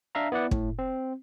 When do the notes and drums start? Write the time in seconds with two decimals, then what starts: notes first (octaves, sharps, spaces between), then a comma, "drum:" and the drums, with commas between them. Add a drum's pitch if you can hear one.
0.15 D4 E5 F5 A#5
0.32 B3 E4 D5 F#5
0.51 A2, drum: kick
0.79 C4